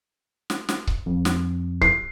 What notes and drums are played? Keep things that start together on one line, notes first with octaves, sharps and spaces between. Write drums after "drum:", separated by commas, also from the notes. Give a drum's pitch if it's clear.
drum: snare
drum: snare
drum: kick C#1
F2
drum: snare
C7, drum: kick C#1